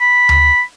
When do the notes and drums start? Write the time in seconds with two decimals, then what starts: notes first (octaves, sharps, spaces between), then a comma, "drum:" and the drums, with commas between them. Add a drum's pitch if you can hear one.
0.01 B5
0.29 drum: tom D2